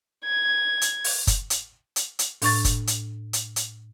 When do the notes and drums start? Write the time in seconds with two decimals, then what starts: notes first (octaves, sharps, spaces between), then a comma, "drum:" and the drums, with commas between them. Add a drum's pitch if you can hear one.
0.25 G#6
0.81 drum: hi-hat
1.04 drum: open hi-hat
1.27 drum: kick F#1, hi-hat
1.50 drum: hi-hat
1.96 drum: hi-hat
2.19 drum: hi-hat
2.42 A2 D4 C#6 A6, drum: open hi-hat
2.65 drum: kick F#1, hi-hat
2.87 drum: hi-hat
3.33 drum: hi-hat
3.56 drum: hi-hat